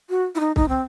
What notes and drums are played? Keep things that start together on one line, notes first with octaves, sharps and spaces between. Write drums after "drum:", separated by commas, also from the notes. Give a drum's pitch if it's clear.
F#4
E4
D#4
D#4, drum: kick C2
C4